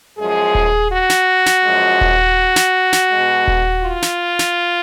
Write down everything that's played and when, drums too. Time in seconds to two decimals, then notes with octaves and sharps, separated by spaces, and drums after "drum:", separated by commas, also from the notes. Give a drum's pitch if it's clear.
0.18 F#2 F3 G#3 G#4
0.55 drum: kick D#1
0.91 F#4
1.10 drum: snare
1.46 drum: snare
1.64 F#2 F3 G#3
2.01 drum: kick D#1
2.56 drum: snare
2.93 drum: snare
3.11 B2 G#3
3.48 drum: kick D#1
3.84 F4
4.02 drum: snare
4.39 drum: snare